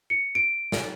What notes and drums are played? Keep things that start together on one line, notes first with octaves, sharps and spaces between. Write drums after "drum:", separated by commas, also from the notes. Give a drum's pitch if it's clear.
C#7
D7
drum: snare